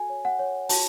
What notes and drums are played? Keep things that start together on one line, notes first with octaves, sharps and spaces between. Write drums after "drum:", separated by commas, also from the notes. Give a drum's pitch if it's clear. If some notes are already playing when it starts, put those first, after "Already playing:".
Already playing: F#4 A4 G#5
C#5
F#5
C#5
F#4 A5, drum: open hi-hat